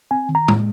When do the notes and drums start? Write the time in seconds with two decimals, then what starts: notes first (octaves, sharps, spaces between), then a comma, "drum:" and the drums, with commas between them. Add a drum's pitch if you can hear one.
0.11 C4 G#5
0.29 D#3
0.35 A#5
0.48 G#3, drum: tom A2